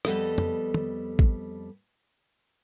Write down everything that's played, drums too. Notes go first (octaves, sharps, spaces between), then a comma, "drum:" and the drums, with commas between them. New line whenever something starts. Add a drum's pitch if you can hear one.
F2 C3 G3 B3 A4 D#5, drum: rim click
drum: tom
drum: tom
drum: kick